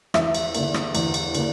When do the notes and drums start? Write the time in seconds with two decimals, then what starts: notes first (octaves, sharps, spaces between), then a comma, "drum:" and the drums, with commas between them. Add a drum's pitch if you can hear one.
0.14 E2 E5, drum: rim click
0.35 drum: cymbal
0.55 D3 A#3, drum: cymbal
0.74 drum: rim click
0.95 E2, drum: cymbal
1.14 drum: cymbal
1.35 D3 A#3, drum: cymbal